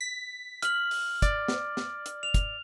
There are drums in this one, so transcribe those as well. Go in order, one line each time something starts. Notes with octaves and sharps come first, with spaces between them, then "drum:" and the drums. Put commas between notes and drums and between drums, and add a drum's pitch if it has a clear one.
B6
F6 F#7, drum: hi-hat
drum: open hi-hat
D5, drum: kick, hi-hat
drum: snare
drum: snare
drum: hi-hat
F7
drum: kick, hi-hat